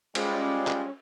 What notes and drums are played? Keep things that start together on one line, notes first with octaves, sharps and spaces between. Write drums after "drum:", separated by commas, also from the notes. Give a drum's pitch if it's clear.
G3 G#3 C#4 F4, drum: cymbal
drum: clap